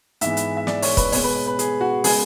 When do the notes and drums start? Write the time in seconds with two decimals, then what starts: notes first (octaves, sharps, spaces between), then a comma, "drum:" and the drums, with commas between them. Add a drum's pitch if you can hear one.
0.21 G#2 E3 G#3 B3 E5, drum: hi-hat
0.37 drum: hi-hat
0.57 E5
0.67 D5, drum: snare
0.82 C#5, drum: open hi-hat
0.97 B4, drum: kick, hi-hat
1.12 B2 G#3 B3 C#5, drum: open hi-hat
1.24 B4
1.47 B4
1.59 G#4, drum: hi-hat
1.81 F#4
2.04 C#3 G#3 B3 G#4, drum: open hi-hat